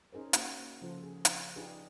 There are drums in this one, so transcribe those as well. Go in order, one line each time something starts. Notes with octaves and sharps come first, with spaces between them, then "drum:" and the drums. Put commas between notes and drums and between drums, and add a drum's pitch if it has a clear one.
C#4 D#4 G#4 A#4 C5
A#3 F#4, drum: hi-hat
C#3 F3 F4 A4 C5
G#4
drum: hi-hat
D4 D#4 F4 G4 G#4 B4